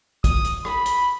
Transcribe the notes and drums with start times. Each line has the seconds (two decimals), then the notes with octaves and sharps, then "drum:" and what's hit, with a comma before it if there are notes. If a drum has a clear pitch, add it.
0.24 D#6, drum: kick, hi-hat
0.45 drum: hi-hat
0.65 B5, drum: rim click
0.86 drum: hi-hat